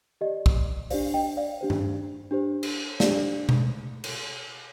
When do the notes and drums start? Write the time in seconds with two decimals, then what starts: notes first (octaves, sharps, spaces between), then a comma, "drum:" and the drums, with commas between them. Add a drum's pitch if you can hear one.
0.21 G4 D5 D#5
0.46 drum: kick
0.90 D4 G4 C5 D5 F5, drum: open hi-hat
1.14 D#5 G5
1.37 D5 F5
1.61 D4 G4 C5
1.70 drum: tom G2
2.31 D4 G4 C5
2.63 drum: cymbal
3.00 D4 G4 C5 D5 F5, drum: snare
3.49 drum: tom B2
4.04 drum: cymbal